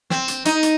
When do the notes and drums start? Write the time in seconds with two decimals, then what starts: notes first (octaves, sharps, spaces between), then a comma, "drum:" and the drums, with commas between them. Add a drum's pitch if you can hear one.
0.10 C4, drum: snare
0.28 drum: hi-hat
0.45 D#4, drum: hi-hat
0.63 drum: hi-hat